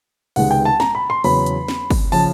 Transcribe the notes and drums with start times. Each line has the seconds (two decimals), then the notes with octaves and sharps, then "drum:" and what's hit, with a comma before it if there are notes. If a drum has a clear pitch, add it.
0.36 C#2 C3 D#3 G#3 B3 F#5, drum: open hi-hat
0.51 G5
0.65 A5
0.80 A#5, drum: snare
0.95 B5
1.10 C6
1.24 E2 C#3 F#3 B3 B5, drum: open hi-hat
1.46 drum: hi-hat
1.68 drum: snare
1.90 drum: kick, open hi-hat
2.12 C#3 F3 A5, drum: open hi-hat